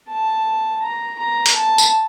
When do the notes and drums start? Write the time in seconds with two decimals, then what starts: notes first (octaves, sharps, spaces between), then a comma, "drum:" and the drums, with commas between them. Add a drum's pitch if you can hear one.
0.09 A5
0.82 A#5
1.19 A#5
1.46 drum: hi-hat
1.55 A5
1.78 drum: tambourine